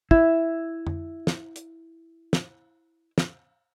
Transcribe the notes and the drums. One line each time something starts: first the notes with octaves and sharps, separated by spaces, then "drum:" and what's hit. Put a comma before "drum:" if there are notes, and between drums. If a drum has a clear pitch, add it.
E4, drum: kick
drum: tom F2
drum: snare
drum: hi-hat
drum: snare
drum: snare